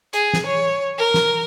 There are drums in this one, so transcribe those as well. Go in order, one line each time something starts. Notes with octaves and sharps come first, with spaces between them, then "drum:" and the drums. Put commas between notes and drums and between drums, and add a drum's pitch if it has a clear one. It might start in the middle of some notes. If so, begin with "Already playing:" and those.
G#4, drum: hi-hat
drum: snare
C#5
A#4
drum: snare